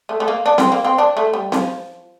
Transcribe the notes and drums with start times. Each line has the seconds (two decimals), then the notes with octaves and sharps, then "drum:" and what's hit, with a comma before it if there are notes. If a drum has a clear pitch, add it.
0.09 A3
0.20 A3
0.28 A#3
0.46 D4
0.58 C4, drum: snare C4
0.72 A#3
0.85 C4
0.98 D4
1.17 A3
1.33 G3
1.52 F3, drum: snare C4